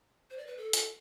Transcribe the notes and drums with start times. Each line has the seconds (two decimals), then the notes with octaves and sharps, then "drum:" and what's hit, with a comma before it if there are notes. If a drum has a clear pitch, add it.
0.30 C5
0.38 D5
0.47 B4
0.57 A4
0.73 drum: hi-hat